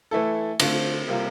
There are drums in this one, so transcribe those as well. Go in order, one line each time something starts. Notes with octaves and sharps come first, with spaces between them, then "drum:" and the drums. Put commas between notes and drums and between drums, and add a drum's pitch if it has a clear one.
E3 A3 E4 A4
D3 A3 C4 F4 C5, drum: cymbal
C3 G3 A#3 F4